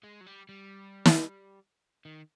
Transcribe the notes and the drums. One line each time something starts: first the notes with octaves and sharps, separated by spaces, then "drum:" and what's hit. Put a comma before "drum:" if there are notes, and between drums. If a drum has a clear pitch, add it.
G#3
F#3
G3
G3
drum: snare
D#3